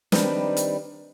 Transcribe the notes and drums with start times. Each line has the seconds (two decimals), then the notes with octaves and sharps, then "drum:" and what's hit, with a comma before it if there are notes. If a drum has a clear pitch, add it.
0.12 D#3 G3 C4 D4 D#4 B4, drum: snare
0.57 drum: hi-hat